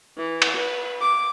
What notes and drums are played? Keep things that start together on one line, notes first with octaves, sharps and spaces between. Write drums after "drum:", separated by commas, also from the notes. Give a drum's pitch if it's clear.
E3
drum: cymbal
B4
D6